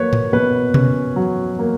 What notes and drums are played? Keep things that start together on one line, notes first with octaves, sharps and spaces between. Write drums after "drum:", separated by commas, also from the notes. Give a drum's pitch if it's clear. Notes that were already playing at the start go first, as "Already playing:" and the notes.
Already playing: F#3 A#3 B4 C#5
drum: tom G#2
B2 B4
C#4, drum: tom B2
F#3
A#3